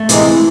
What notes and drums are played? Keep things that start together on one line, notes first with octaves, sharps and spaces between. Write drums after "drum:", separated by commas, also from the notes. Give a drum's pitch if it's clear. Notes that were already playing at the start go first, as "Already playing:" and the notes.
Already playing: A3
C3 E3 G#3, drum: hi-hat